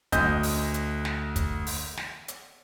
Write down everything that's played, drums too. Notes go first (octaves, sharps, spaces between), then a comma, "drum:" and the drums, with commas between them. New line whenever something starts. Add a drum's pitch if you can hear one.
D2 D#5 G6, drum: kick, hi-hat
drum: open hi-hat
drum: hi-hat
drum: snare
drum: kick, hi-hat
drum: open hi-hat
drum: snare
drum: hi-hat